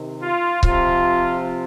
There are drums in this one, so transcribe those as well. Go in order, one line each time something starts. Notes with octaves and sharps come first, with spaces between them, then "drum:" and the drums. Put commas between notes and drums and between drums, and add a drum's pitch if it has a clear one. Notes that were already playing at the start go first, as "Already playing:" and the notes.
Already playing: C3 D#3
F4
C3 F3 F4, drum: kick C#1